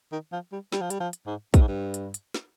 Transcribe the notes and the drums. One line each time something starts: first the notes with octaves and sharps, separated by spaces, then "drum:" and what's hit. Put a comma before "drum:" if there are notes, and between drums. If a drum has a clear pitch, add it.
D#3
F3
G3
G3, drum: snare
F3
G3, drum: hi-hat
F3
drum: hi-hat
G#2
G2, drum: kick, hi-hat
G#2
G2
drum: hi-hat
drum: hi-hat
drum: snare